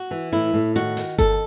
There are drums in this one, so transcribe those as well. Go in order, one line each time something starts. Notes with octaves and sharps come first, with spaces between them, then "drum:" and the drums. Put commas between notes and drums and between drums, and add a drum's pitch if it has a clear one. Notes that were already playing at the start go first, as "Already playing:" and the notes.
Already playing: F#4
E3
A2 E4
A2
D#3 F#4, drum: hi-hat
D#3, drum: open hi-hat
D#2 A4, drum: kick G1, hi-hat